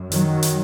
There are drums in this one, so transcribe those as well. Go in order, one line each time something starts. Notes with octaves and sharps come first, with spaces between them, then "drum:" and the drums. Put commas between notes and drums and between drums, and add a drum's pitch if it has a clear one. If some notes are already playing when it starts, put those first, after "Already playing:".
Already playing: F#2
D#3 F#3, drum: hi-hat
drum: hi-hat